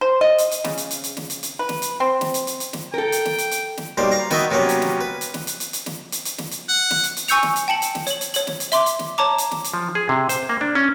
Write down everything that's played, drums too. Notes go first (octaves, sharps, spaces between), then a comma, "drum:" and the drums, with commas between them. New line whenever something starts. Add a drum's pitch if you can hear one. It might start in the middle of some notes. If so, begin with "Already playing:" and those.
C5
D#5
drum: hi-hat
drum: hi-hat
C#3, drum: snare
drum: hi-hat
drum: hi-hat
drum: hi-hat
drum: snare
drum: hi-hat
drum: hi-hat
B4
drum: snare
drum: hi-hat
C4
drum: snare
drum: hi-hat
drum: hi-hat
drum: hi-hat
drum: snare
A4 A#4 G5
drum: hi-hat
drum: snare
drum: hi-hat
drum: hi-hat
drum: snare
B1 G3 A#3 C5
F5 A#5
D#3 B3 F#4 B4 D#5 E5, drum: snare
C3 F#3 A#3 B3 C#4
drum: hi-hat
drum: snare
B4
drum: hi-hat
drum: snare
drum: hi-hat
drum: hi-hat
drum: hi-hat
drum: snare
drum: hi-hat
drum: hi-hat
drum: snare
drum: hi-hat
F#5
drum: snare
drum: hi-hat
drum: hi-hat
G#5 C#6 E6 G6 C#7 F7, drum: hi-hat
drum: snare
drum: hi-hat
G5 A5 C#7 F#7
drum: hi-hat
drum: snare
C#5 F#7, drum: hi-hat
drum: hi-hat
C#5 F#7, drum: hi-hat
drum: snare
drum: hi-hat
E5 C6 D6, drum: hi-hat
drum: hi-hat
drum: snare
C#5 A5 A#5 D6
drum: hi-hat
drum: snare
drum: hi-hat
F3
G#4
C3
C5, drum: hi-hat
A#3
D4
C#4